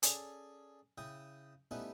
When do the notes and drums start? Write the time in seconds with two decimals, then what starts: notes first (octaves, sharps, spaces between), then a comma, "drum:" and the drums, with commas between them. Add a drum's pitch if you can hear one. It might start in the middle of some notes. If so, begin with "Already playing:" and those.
0.03 C#4 G#4 A4 C#5 D5, drum: hi-hat
0.98 C#3 E4 G5 D#6
1.71 G3 A3 B3 C#4 D#4 E4